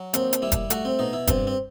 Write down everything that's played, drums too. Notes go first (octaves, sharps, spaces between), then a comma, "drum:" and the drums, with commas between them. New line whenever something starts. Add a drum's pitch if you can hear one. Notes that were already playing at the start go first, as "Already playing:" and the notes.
Already playing: F#3
D#2 C4, drum: hi-hat
drum: hi-hat
G3 E4
drum: kick, hi-hat
A3 F#4, drum: hi-hat
C4
B2 D#4
E4
G2 C4, drum: kick, hi-hat
C4